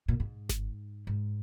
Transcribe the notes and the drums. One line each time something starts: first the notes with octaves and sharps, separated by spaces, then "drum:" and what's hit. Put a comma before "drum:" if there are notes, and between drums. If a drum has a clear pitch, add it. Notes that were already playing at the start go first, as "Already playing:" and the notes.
A#2
G#2
drum: snare G1
G#2